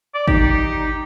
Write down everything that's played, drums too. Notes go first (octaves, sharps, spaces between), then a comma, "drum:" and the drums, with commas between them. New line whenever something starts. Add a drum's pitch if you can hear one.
D5
D#4 G4, drum: kick G#1